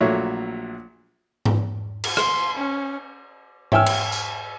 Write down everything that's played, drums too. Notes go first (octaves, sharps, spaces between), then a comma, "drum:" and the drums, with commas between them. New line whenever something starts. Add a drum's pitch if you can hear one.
A#1 A#2 F#3 A3 C#5 E5
drum: tom G#2
drum: cymbal
C6, drum: rim click
C#4
C#5 E5 G5 G#5 E6 F6, drum: tom G#2
drum: cymbal
drum: tambourine